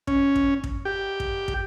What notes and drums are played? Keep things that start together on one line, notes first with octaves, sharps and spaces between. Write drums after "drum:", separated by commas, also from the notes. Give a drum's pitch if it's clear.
C#4, drum: kick
drum: kick
drum: kick
G4
drum: kick
drum: kick